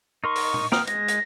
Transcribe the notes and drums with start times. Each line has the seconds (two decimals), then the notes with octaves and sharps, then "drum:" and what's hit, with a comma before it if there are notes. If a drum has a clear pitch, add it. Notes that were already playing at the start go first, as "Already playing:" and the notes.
0.24 D#4 A#4 C6 C#6
0.35 drum: open hi-hat
0.54 drum: tom
0.72 G5 A#5 D#6 F6, drum: snare
0.87 G#3 A#6, drum: hi-hat
1.08 drum: hi-hat